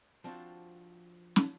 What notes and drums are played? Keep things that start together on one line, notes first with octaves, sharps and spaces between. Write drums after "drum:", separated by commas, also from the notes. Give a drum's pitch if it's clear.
F3 C4 D4 F4 F#4
drum: snare